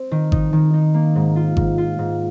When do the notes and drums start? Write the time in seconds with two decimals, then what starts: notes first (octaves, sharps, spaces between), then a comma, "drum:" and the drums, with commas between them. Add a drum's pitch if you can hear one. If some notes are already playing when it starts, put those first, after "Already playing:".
Already playing: C4
0.12 D#3
0.32 D#4, drum: kick G#1
0.53 D#3
0.74 D#4
0.94 A#3
1.16 G#2
1.36 F4
1.57 G#2, drum: kick G#1
1.78 F4
1.99 G#2